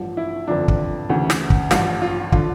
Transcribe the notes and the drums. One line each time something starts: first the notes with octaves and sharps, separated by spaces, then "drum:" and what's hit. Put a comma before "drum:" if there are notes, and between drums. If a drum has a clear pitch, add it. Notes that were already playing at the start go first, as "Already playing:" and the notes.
Already playing: A1 G2 F3
E4
G1 F2 D3 F3 D4
drum: kick
D2 C#3 E3
drum: snare
drum: kick
A1 G2 F3 F4, drum: snare
F4
D3 F3 F4, drum: kick